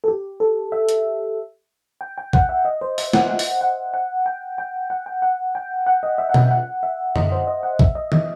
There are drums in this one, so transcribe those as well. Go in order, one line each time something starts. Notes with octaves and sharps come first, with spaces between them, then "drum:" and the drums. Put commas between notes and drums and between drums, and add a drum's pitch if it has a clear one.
A4
G4
A4
E5
drum: hi-hat
G5
G5
F#5, drum: kick A#1
E5
D#5
C5
E5, drum: open hi-hat
F#5, drum: snare
F#5
drum: open hi-hat
F#5
F#5
G5
G5
F#5
G5
F#5
G5
F#5
D#5
E5
F#5
G5, drum: tom B2
F#5
E5
D#5, drum: tom F#2
C5
D#5
F#5
E5, drum: kick A#1
D#5
D#5, drum: tom